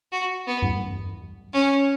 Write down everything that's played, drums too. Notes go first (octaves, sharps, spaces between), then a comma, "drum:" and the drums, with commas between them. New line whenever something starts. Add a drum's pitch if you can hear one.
F#4
B3
drum: tom G2
C#4